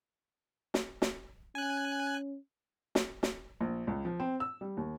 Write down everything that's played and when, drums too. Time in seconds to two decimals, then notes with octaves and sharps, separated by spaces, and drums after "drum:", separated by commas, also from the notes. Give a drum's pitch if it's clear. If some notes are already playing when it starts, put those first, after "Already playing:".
0.74 drum: snare
1.02 drum: snare
1.55 C#4 G#5 F#6
2.95 drum: snare
3.23 drum: snare
3.61 A#1
3.87 C#2
4.05 F3
4.20 C4
4.40 E6
4.61 G3
4.77 D#2